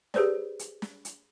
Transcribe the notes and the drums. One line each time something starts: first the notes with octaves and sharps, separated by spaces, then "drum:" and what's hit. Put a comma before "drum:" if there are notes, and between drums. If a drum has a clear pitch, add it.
G4 G#4 B4 C5 D5, drum: snare
drum: hi-hat
drum: snare
drum: hi-hat